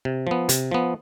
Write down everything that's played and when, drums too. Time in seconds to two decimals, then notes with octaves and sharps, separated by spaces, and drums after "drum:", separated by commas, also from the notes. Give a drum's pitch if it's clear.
0.05 C3
0.27 F3 B3
0.49 C3, drum: hi-hat
0.71 F3 B3